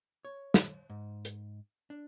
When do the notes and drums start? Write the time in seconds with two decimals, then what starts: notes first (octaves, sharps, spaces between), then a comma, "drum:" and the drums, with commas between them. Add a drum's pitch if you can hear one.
0.25 C#5
0.54 drum: snare
0.90 G#2
1.25 drum: hi-hat
1.90 D4